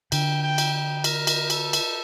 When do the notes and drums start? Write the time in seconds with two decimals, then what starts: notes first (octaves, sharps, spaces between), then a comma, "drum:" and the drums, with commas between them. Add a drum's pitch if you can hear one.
0.12 D3 G5, drum: cymbal
0.42 G5
0.58 drum: cymbal
0.74 G5
1.04 A#4, drum: cymbal
1.27 drum: cymbal
1.50 A4, drum: cymbal
1.73 drum: cymbal